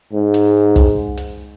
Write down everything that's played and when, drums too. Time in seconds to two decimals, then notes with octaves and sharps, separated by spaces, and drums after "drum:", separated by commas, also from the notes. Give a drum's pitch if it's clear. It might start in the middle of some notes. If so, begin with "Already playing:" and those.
0.13 G#2
0.34 drum: hi-hat
0.76 drum: kick, hi-hat
1.17 drum: hi-hat